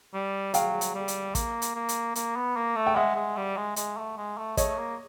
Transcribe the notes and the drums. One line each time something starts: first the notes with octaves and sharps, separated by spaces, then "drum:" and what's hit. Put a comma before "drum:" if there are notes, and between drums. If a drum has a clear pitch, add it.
G3
F#3 F5 G5, drum: hi-hat
drum: hi-hat
G3
drum: hi-hat
A#3, drum: kick, hi-hat
drum: hi-hat
A#3
drum: hi-hat
A#3, drum: hi-hat
B3
A#3
A3
G5
G#3 E5 F#5
G#3
G3
G#3
G#3, drum: hi-hat
A3
G#3
A3
A3 C#5 D#5, drum: kick, hi-hat
A#3